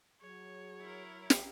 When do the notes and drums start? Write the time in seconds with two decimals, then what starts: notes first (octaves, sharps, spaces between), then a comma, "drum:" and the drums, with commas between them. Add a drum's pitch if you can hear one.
0.21 F#3 G#4 C#5
0.80 E4 A#4
1.30 drum: snare